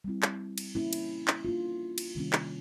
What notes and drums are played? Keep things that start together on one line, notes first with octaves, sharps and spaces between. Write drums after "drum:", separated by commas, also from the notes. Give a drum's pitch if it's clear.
G3 C4 E4
drum: clap
drum: cymbal
A#3 C#4 E4
drum: cymbal
drum: clap
A#3 D4 F4
drum: cymbal
C3 D#3 G3 A#3 C#4
drum: clap